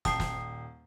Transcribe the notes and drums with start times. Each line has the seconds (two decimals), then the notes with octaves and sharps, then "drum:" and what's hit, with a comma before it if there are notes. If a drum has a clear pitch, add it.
0.05 D#1 G5 A5 D#6 C7, drum: snare
0.20 drum: snare